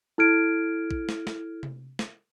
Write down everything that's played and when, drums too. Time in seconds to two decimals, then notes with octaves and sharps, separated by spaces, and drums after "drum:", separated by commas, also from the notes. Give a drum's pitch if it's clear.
0.18 E4 A4 F6 G#6 D7
0.91 drum: kick
1.09 drum: snare
1.27 drum: snare
1.63 drum: tom C3
1.99 drum: snare